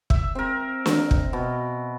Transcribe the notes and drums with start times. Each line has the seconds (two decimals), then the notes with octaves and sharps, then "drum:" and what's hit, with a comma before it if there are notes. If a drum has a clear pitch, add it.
0.10 E5, drum: kick
0.35 C4 A#4
0.86 drum: snare
1.11 drum: kick
1.33 B2